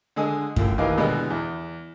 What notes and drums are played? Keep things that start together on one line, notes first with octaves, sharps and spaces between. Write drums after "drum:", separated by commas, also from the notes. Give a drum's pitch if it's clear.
D3 G#3 G#4 D#6
F#2 A2 F4, drum: kick F#2
D#2 D#3 E3 D#5 F5 D6
B2 D3 E3 G3 G#3 B3
E2